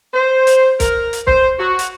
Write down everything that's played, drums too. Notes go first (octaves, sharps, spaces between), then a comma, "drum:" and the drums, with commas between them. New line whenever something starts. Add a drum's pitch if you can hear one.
C5
drum: hi-hat
A#4, drum: kick, hi-hat
drum: hi-hat
C5, drum: kick
F#4
drum: hi-hat